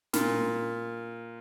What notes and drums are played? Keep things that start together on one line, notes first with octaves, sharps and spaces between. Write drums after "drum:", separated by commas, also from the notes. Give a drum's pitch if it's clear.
A#2, drum: snare